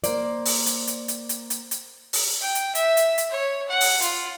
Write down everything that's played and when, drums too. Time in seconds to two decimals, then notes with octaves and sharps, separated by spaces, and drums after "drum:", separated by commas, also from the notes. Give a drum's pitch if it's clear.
0.04 A#3 C5 D5, drum: hi-hat
0.45 drum: open hi-hat
0.66 drum: hi-hat
0.87 drum: hi-hat
1.08 drum: hi-hat
1.29 drum: hi-hat
1.50 drum: hi-hat
1.71 drum: hi-hat
2.13 drum: open hi-hat
2.41 G5
2.55 drum: hi-hat
2.75 E5, drum: hi-hat
2.97 drum: hi-hat
3.18 drum: hi-hat
3.31 C#5
3.68 F#5
3.81 drum: open hi-hat
4.02 F4, drum: hi-hat